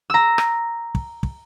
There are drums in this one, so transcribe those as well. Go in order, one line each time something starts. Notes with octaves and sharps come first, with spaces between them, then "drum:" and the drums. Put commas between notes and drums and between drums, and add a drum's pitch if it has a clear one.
A#5 E6
drum: rim click
drum: kick
drum: kick